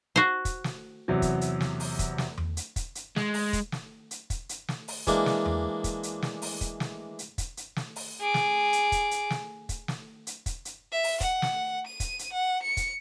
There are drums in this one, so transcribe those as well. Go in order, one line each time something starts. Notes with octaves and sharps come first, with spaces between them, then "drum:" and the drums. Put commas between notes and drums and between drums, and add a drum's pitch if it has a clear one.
F#4 C5
drum: kick, hi-hat
drum: snare
E2 C3 F#3
drum: kick, hi-hat
drum: hi-hat
drum: snare
drum: open hi-hat
drum: kick, hi-hat
drum: snare
drum: tom E2
drum: hi-hat
drum: kick, hi-hat
drum: hi-hat
G#3, drum: snare
drum: open hi-hat
drum: kick, hi-hat
drum: snare
drum: hi-hat
drum: kick, hi-hat
drum: hi-hat
drum: snare
drum: open hi-hat
E3 G#3 A#3 D4, drum: kick, hi-hat
drum: snare
drum: tom E2
drum: kick, hi-hat
drum: hi-hat
drum: snare
drum: open hi-hat
drum: kick, hi-hat
drum: snare
drum: hi-hat
drum: kick, hi-hat
drum: hi-hat
drum: snare
drum: open hi-hat
G#4 D6
drum: snare
drum: hi-hat
drum: kick, hi-hat
drum: hi-hat
drum: snare
drum: kick, hi-hat
drum: snare
drum: hi-hat
drum: kick, hi-hat
drum: hi-hat
E5
drum: open hi-hat
F#5, drum: kick, hi-hat
drum: snare
D#7
drum: kick, hi-hat
drum: hi-hat
F#5
C#7
drum: kick, hi-hat